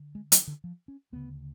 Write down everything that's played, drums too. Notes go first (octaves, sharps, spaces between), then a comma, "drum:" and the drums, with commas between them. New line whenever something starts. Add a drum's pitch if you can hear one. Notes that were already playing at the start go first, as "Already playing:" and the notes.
Already playing: D3
G#3
F#3, drum: hi-hat
D3
F3
C#4
D2 C#3 B3